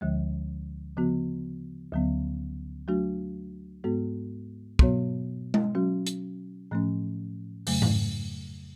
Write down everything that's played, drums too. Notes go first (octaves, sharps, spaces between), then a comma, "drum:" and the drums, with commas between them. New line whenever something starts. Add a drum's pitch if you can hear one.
D2 D3 F3 G#3
C#3 F3 B3 F#4
D2 D3 F#3 B3
F#3 A3 D4 F#4
G#2 G#3 B3 F#4 A4
B2 F#3 B3 F#4 C#5, drum: kick
drum: tom G#3
F#3 C#4 F#4
drum: hi-hat
A2 F3 A3 C#4
F2 C#3 F#3 A3, drum: open hi-hat
drum: tom G#2